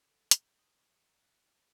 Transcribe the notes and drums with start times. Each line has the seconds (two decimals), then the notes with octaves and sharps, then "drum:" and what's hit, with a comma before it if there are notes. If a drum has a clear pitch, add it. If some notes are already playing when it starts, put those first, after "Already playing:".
0.09 A4
0.31 A#5, drum: hi-hat
0.46 G6
0.58 D#6
0.77 C#6
0.93 C#7
1.07 A#5
1.21 F#6
1.43 E4
1.58 F7